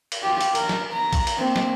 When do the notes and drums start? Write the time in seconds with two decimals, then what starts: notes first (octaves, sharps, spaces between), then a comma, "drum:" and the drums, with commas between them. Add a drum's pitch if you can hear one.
0.12 drum: cymbal
0.23 F4 G4
0.41 drum: cymbal
0.55 A#4, drum: cymbal
0.69 drum: snare
0.93 A#5
1.13 drum: kick A#1, cymbal
1.27 drum: cymbal
1.38 A#3 C4
1.56 drum: snare